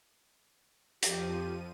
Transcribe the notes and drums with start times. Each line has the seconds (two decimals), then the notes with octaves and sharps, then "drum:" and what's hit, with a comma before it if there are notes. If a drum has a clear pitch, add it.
1.03 F2 F3 G4 D#7, drum: hi-hat